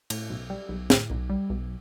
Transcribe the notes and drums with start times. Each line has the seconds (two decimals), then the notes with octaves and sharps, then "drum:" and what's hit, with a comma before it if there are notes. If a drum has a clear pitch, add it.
0.10 A2, drum: cymbal
0.30 B1
0.50 G3
0.69 B1
0.90 A2, drum: snare
1.10 B1
1.29 G3
1.50 B1